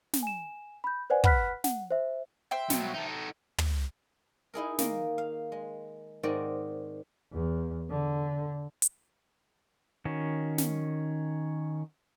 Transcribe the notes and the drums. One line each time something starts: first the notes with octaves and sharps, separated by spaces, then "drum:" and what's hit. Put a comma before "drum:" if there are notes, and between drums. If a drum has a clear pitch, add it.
drum: snare
G#5 E7
B5 G6
B4 C5 D5 F#5 G#5
B4 F#5 B5 F6 F#6 B6, drum: kick
F#5, drum: snare
C5 E5
C5 E5 G5
B2 F#3, drum: snare
D#4 A4
drum: tom
D#4 E4 G#4 A#4
D#3 A#3, drum: snare
F5
G#3
G#2 D#3 C4 F#4 D5
E2
D3
drum: hi-hat
D#3 C#4 F#4
drum: snare